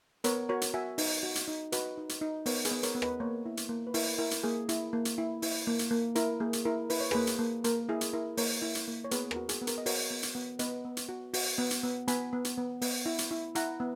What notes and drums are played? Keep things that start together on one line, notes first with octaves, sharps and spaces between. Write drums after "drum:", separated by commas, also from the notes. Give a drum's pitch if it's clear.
B3 A#4 C#5, drum: hi-hat
F#4 A#4 C#5
drum: hi-hat
F#4 E5 G#5
D#4, drum: open hi-hat
F#4
drum: hi-hat
D#4
F#4 B4 D#5, drum: hi-hat
D#4
drum: hi-hat
D#4
B3 A#4 C#5, drum: open hi-hat
G#4 B4, drum: hi-hat
B3
A#4 C#5, drum: hi-hat
B3
B4 D#5, drum: rim click
A#3 A#4 C#5
E4
drum: hi-hat
A#3
B4
E4 A#4, drum: open hi-hat
E4 A#4
drum: hi-hat
A#3 G#4
E4, drum: hi-hat
A#3
drum: hi-hat
E4
E4, drum: open hi-hat
A#3
drum: hi-hat
A#3
E4 A#4, drum: hi-hat
A#3 G#4
drum: hi-hat
E4 A#4
E4 B4, drum: open hi-hat
C#5
A#3 G#4 B4, drum: rim click
drum: hi-hat
A#3
A#3 A#4, drum: hi-hat
E4 G#4
drum: hi-hat
E4 A#4
A#3 A#4 C#5, drum: open hi-hat
E4
drum: hi-hat
A#3
C#5
B3 G#4 B4, drum: hi-hat
A#4, drum: rim click
F#4
G#4, drum: hi-hat
B3
A#4, drum: hi-hat
D#5
F#4 A#4 C#5, drum: open hi-hat
B3
drum: hi-hat
B3
B3 B4 D#5, drum: hi-hat
B3
drum: hi-hat
F#4
F#4, drum: open hi-hat
B3
drum: hi-hat
B3
B3 G#5 B5, drum: hi-hat
B3
drum: hi-hat
B3
B3, drum: open hi-hat
E4
drum: hi-hat
E4
E4 F#5 A#5, drum: hi-hat
B3